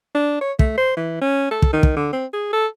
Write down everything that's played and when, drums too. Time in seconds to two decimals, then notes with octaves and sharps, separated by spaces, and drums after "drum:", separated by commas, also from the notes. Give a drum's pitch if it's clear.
0.15 D4
0.41 C#5
0.59 A3, drum: kick
0.78 C5
0.97 E3
1.21 C#4
1.51 A4
1.62 drum: kick
1.73 D#3
1.83 drum: kick
1.97 D3
2.13 C4
2.33 G#4
2.53 A4